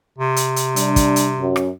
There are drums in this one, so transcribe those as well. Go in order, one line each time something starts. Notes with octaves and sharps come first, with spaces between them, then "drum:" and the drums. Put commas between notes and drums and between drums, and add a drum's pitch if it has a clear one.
C3
drum: hi-hat
drum: hi-hat
G3 D4, drum: hi-hat
drum: kick, hi-hat
drum: hi-hat
F#2
drum: rim click